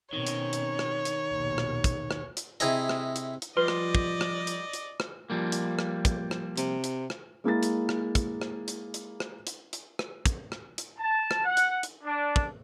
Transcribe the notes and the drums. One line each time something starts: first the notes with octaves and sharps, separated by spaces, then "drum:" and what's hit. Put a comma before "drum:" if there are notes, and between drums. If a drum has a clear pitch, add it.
B2 D#3 C4 C#4 C#5
drum: hi-hat
drum: hi-hat
drum: rim click
drum: hi-hat
A#1 D#2 B2
drum: rim click
drum: kick, hi-hat
drum: rim click
drum: hi-hat
C3 E4 G#4 D#5 A#5, drum: hi-hat
drum: rim click
drum: hi-hat
drum: hi-hat
F3 G3 F4 B4 D5 D#5 C6
drum: rim click
drum: kick
drum: rim click
drum: hi-hat
drum: hi-hat
drum: rim click
F3 G3 A#3
drum: hi-hat
drum: rim click
drum: kick, hi-hat
drum: rim click
C3, drum: hi-hat
drum: hi-hat
drum: rim click
G#3 A#3 E4 A6
drum: hi-hat
drum: rim click
drum: kick, hi-hat
drum: rim click
drum: hi-hat
drum: hi-hat
drum: rim click
drum: hi-hat
drum: hi-hat
drum: rim click
drum: kick, hi-hat
drum: rim click
drum: hi-hat
A5
drum: rim click
F#5
drum: hi-hat
drum: hi-hat
D4
drum: kick